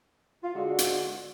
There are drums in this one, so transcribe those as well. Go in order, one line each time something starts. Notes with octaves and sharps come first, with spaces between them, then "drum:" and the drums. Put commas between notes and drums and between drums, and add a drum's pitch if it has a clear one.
F4
D3 G#3 D4 F4 F#4
drum: hi-hat